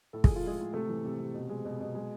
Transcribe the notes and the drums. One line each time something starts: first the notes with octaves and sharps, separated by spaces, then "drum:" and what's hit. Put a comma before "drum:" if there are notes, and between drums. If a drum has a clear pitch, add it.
A2 A4
F3 G#4, drum: kick
F4
A2 G#3 G#4
A2
C3 A3 A4
E3
C3
C3
B2
G#3
B2
B2
G#3